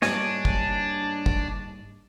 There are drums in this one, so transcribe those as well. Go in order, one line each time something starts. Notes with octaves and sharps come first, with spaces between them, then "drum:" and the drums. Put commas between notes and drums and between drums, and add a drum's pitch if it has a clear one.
G#2 G3 A#3 D4 C#5 D#5 G#5, drum: snare
drum: kick
drum: kick